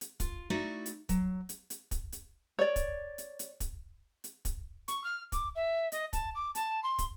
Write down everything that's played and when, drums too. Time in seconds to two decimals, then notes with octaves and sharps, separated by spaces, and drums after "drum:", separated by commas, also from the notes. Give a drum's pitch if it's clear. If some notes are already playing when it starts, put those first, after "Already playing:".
0.01 drum: hi-hat
0.20 F4, drum: kick, hi-hat
0.50 A3 D#4 E4 F#4 D5 E5
0.86 drum: hi-hat
1.09 F#3, drum: kick, hi-hat
1.49 drum: hi-hat
1.70 drum: hi-hat
1.91 drum: kick, hi-hat
2.12 drum: hi-hat
2.59 C#5 D5
2.76 drum: kick, hi-hat
3.18 drum: hi-hat
3.39 drum: hi-hat
3.60 drum: kick, hi-hat
4.24 drum: hi-hat
4.45 drum: kick, hi-hat
4.88 C#6, drum: hi-hat
5.04 F6
5.32 D6, drum: kick, hi-hat
5.55 E5
5.92 D#5, drum: hi-hat
6.13 A5, drum: kick, hi-hat
6.35 D6
6.55 A5, drum: hi-hat
6.83 C6
6.99 drum: kick, hi-hat